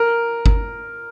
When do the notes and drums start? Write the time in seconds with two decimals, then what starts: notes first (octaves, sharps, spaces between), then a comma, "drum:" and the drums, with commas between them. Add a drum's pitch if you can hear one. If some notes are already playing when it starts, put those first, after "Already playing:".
Already playing: A#4
0.46 drum: kick G1